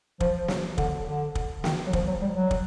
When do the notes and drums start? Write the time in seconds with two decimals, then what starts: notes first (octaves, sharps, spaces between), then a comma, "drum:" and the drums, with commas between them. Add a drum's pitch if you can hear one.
0.20 F3, drum: kick
0.48 F#3, drum: snare
0.78 D3, drum: kick
1.07 D3
1.35 drum: kick
1.64 D#3, drum: snare
1.87 F#3
1.93 F3, drum: kick
2.07 F#3
2.22 G3
2.36 F#3
2.51 drum: kick